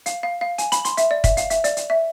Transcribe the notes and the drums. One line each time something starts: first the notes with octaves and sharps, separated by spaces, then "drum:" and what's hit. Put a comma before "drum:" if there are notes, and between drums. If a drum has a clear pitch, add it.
F5, drum: hi-hat
F5
F5
G#5, drum: hi-hat
B5, drum: hi-hat
C6, drum: hi-hat
E5, drum: hi-hat
D5
E5, drum: kick, hi-hat
F5, drum: hi-hat
E5, drum: hi-hat
D5, drum: hi-hat
drum: hi-hat
E5